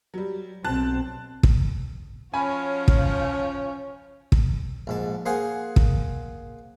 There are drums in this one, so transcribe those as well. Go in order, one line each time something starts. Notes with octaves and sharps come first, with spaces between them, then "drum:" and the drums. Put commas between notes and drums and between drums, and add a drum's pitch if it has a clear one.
F#3 G3
B1 C4 A5 F#6
drum: kick
F3 C#4 F#4 C#5 G#5 B5
drum: kick
drum: kick
A#1 G#2 A5
A#3 G#4 C5 F#5 G#5
drum: kick